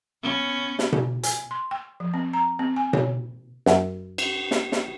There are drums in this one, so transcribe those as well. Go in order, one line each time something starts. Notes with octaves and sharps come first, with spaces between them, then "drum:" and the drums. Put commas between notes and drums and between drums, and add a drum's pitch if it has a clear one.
B3 C#4
drum: snare
drum: tom B2
G#5, drum: hi-hat
C6
G5
F3
C4
A#5
C4
G#5
C#5, drum: tom B2
F#2, drum: snare
drum: cymbal
drum: snare
drum: snare